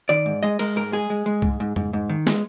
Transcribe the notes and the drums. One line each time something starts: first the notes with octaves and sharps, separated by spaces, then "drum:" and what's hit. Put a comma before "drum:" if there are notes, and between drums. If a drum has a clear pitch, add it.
D#3 D5
G#2
G#3 D#5
G#3 A#4, drum: cymbal
G#2 A#4
G#3 G#4
G#3
G#3
G#2, drum: kick C2
G#2
G#2, drum: tom F2
G#2
D#3
G#3, drum: snare